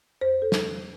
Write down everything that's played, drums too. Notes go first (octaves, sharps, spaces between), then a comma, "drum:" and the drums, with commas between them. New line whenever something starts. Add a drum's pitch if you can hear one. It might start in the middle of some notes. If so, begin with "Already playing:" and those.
F2 C5
A4
drum: snare